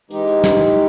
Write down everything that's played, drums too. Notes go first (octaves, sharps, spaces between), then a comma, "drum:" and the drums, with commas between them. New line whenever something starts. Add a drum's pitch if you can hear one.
E3 G#3 D#4 G4, drum: hi-hat
drum: hi-hat
drum: snare
drum: hi-hat